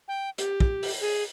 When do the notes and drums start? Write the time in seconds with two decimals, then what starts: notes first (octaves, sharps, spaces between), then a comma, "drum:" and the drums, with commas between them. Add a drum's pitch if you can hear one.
0.08 G5
0.38 G4, drum: hi-hat
0.60 drum: kick
0.83 drum: open hi-hat
1.01 G#4